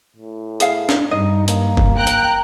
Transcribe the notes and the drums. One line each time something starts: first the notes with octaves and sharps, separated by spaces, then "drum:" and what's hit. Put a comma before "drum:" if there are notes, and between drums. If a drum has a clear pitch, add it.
A2
G#4 E5 F5, drum: hi-hat
drum: snare
G2 D#4 D#5
A#3, drum: hi-hat
drum: kick
G5 A#5 F#6
drum: hi-hat